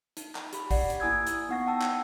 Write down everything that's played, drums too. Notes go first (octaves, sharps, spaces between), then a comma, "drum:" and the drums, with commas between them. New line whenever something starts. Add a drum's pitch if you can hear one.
D#4, drum: hi-hat
drum: clap
G4 B5, drum: hi-hat
G4 D5 F#5, drum: kick, open hi-hat
drum: hi-hat
A#3 E4 G#5 D#6 E6 G#6
drum: hi-hat
B3 D#4 F#5 C#6 A#6
F#5 G5 A5 E6
drum: clap